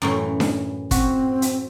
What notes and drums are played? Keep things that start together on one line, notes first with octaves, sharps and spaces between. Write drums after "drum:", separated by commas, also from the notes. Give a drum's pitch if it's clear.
F#2 A2 E3
drum: snare D4
C4 F#4, drum: kick, hi-hat
drum: hi-hat